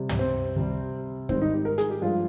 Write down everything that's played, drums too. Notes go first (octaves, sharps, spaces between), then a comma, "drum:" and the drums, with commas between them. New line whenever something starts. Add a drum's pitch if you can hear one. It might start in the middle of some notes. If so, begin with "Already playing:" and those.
Already playing: C3 G3
drum: tom
C4
C3 G3
G#2 D#3 G3 C4, drum: kick
D#4
G4
A#4
G#4, drum: hi-hat
G4
G2 F3 G#3 F4